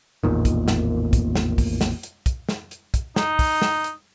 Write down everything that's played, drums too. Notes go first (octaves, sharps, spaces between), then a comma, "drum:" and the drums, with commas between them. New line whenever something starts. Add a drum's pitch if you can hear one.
A1 E2 A#2 D#3
drum: kick, hi-hat
drum: snare
drum: kick, hi-hat
drum: snare
drum: kick, open hi-hat
drum: snare
drum: hi-hat
drum: kick, hi-hat
drum: snare
drum: hi-hat
drum: kick, hi-hat
D#4, drum: snare
drum: kick, open hi-hat
drum: snare
drum: hi-hat